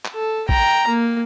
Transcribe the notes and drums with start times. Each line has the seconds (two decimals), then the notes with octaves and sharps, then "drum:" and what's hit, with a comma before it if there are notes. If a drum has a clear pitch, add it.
0.05 drum: clap
0.14 A4
0.49 G5 A#5, drum: kick A1
0.87 A#3